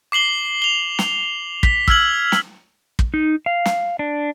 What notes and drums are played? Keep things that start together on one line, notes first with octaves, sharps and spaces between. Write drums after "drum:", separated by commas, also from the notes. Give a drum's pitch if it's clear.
D6 C7 F#7 G7
F7 G7
drum: snare
B6, drum: kick
E6 F6 G#6 F#7, drum: kick
drum: snare
drum: kick
D#4
F5
drum: snare
D4